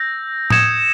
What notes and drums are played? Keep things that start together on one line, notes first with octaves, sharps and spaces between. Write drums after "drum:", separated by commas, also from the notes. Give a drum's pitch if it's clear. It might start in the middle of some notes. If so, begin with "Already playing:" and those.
Already playing: E6 G6 A#6
D#6 G#6 C#7 E7, drum: tom A2